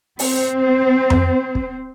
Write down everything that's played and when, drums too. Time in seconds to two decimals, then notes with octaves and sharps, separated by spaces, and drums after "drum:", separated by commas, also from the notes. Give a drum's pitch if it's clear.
0.19 C4 C5, drum: open hi-hat
1.10 drum: tom F2
1.55 drum: kick